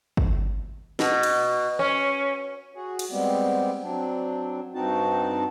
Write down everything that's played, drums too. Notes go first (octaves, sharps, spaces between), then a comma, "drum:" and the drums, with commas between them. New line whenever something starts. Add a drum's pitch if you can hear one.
drum: kick
B2, drum: snare
drum: cymbal
C#4
F#4 G#4
drum: cymbal
G3 G#3 B3 C4 G4
F#3 C4 D4
G2 C4 D#4 F#4 A5